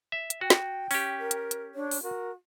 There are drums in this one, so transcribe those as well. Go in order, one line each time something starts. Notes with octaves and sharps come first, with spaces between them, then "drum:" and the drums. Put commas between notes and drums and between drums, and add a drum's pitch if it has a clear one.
E5
drum: hi-hat
F#4 G5
drum: snare
C#4 G4, drum: open hi-hat
A#4
drum: hi-hat
drum: hi-hat
D4 C#5
drum: open hi-hat
F#4 A#4